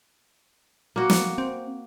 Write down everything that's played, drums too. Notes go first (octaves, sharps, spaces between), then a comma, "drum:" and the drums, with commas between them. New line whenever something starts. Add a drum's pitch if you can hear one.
A#3 F#4
drum: snare
C4